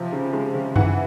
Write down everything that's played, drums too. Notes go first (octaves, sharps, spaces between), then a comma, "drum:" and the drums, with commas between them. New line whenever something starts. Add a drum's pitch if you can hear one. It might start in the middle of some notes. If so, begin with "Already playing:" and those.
Already playing: C3 F3
C#3
G#3
C#3
E3 F#5, drum: tom F#2